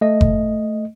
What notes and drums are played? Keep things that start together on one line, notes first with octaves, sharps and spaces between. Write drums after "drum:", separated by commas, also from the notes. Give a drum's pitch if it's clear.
A3 D#5
drum: kick F#1